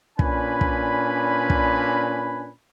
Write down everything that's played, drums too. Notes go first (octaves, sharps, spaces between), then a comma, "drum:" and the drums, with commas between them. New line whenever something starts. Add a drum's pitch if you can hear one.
A#2 C#4 D4 B4 G#5 B5, drum: kick
drum: kick
drum: kick